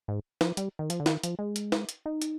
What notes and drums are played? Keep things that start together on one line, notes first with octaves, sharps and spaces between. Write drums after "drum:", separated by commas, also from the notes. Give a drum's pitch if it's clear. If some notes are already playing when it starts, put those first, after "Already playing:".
G#2
F3, drum: snare
G3, drum: hi-hat
D#3
F3, drum: hi-hat
D3
D#3, drum: snare
F3, drum: hi-hat
G#3
drum: hi-hat
drum: snare
drum: hi-hat
D#4
drum: hi-hat